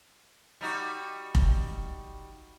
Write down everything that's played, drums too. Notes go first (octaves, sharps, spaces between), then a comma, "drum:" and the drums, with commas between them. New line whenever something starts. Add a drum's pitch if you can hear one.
G3 D#4 F#4
drum: kick F1